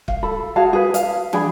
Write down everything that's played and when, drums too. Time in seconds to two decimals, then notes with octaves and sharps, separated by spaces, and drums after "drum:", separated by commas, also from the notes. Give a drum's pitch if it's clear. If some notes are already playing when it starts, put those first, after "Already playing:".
0.08 F5, drum: kick
0.23 A4 B5
0.56 F#4 G#4 F5 A5
0.73 G#4 B4
0.94 F5, drum: hi-hat
1.33 D4 G#4 G5 B5, drum: tom